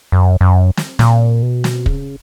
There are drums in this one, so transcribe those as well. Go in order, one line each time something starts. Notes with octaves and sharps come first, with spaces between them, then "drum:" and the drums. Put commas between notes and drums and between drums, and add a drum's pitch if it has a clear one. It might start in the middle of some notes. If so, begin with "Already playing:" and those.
F#2
F#2
drum: snare
A#2, drum: snare
B2
drum: snare
C#3, drum: kick